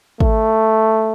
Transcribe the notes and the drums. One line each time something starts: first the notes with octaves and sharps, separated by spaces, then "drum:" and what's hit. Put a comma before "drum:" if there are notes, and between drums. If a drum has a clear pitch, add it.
A3, drum: kick G#1